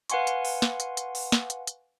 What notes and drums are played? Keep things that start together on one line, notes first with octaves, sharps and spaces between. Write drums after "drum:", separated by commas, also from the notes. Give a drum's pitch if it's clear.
B4 F5 F#5 G#5 C6 C#6, drum: hi-hat
drum: hi-hat
drum: open hi-hat
drum: snare
drum: hi-hat
drum: hi-hat
drum: open hi-hat
drum: snare
drum: hi-hat
drum: hi-hat